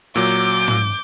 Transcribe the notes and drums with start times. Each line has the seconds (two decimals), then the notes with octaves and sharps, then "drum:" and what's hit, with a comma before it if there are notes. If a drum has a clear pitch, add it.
0.16 A#2 F#3 D6 G6
0.68 drum: tom